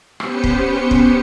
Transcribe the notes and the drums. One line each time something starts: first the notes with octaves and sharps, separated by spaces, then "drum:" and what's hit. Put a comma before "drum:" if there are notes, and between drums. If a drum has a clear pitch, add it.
B3 C#4 G4 B4 C5 C#7, drum: rim click
drum: kick
drum: kick